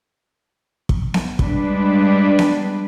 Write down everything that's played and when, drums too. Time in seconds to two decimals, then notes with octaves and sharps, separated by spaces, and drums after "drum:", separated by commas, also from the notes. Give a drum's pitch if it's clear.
0.89 drum: kick
1.14 drum: snare B3
1.39 G3 G#3 D4 B4, drum: kick
2.39 drum: snare B3